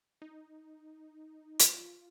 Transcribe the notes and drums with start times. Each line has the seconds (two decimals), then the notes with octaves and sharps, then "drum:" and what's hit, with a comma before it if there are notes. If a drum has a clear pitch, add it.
0.22 D#4
1.59 F4, drum: hi-hat